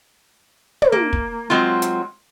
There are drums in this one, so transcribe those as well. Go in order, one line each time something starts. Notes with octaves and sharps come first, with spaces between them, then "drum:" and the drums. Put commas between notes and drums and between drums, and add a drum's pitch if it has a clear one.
drum: tom
A#3
drum: kick
F#3 G#3 C4 F4
drum: hi-hat